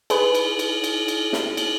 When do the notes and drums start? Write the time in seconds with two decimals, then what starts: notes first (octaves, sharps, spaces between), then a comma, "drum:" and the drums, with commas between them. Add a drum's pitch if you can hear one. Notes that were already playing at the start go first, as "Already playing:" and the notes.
0.10 G#4 B4, drum: cymbal
0.35 drum: cymbal
0.59 drum: cymbal
0.84 drum: cymbal
1.08 drum: cymbal
1.33 drum: snare
1.57 drum: cymbal